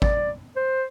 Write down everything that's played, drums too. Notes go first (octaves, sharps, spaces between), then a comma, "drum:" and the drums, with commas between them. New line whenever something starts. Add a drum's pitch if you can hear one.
D5, drum: kick
C5